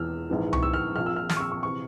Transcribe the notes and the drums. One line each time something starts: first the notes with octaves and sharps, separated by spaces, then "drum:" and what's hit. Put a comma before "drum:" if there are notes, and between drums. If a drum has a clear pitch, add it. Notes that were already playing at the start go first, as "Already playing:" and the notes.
Already playing: E1 E2 E3 E6 F6
A#1 G#2 E3
C#6, drum: tom C2
E6
F6
A#1 A#2 F6
E6
F6
F6, drum: snare
C#6
E6
C#6
C3 E3 C#6